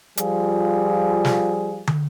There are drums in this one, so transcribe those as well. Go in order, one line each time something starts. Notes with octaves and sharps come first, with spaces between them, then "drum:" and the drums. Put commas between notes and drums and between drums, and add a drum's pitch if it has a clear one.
F3 G3 F4 G#4, drum: hi-hat
drum: snare
drum: tom